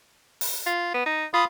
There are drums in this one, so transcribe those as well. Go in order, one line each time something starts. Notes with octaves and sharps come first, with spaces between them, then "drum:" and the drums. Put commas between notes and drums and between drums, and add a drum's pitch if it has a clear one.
drum: open hi-hat
F4
B3
D#4
F4 B5 D#6